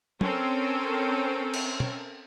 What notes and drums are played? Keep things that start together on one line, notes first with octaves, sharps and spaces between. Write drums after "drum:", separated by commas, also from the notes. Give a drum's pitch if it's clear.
C4 C#4 A4 A#4, drum: tom
drum: cymbal
drum: tom